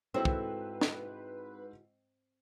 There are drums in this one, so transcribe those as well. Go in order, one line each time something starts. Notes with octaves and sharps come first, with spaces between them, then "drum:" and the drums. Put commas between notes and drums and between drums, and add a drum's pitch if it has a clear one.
G#2 C4 E4 F#4 A4 B4 C5 E6
drum: kick
drum: snare